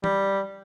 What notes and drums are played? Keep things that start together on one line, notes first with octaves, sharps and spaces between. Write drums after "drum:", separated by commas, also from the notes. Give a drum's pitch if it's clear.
G3, drum: tom